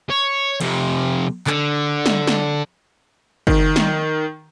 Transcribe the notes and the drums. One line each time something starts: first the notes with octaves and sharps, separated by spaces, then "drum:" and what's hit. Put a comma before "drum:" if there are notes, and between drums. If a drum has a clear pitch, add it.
C#5
F2 C3, drum: cymbal
D3, drum: clap
drum: snare
drum: snare
D#3, drum: kick
drum: snare